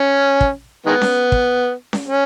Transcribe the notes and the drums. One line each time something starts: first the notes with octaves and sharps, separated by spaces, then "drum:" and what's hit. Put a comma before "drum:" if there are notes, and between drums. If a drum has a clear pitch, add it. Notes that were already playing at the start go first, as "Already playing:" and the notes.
Already playing: C#4
drum: kick
D#3 G#3 B3
drum: snare C#4
drum: kick
drum: snare C#4
C#4